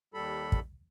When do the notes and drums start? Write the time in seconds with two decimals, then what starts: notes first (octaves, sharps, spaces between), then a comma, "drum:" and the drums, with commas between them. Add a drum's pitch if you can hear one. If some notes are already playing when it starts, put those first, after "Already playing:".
0.14 D#2 G3 A4 B5
0.52 drum: kick